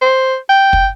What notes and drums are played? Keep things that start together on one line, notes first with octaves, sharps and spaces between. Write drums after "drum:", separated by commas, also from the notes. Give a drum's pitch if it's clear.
C5
G5
drum: kick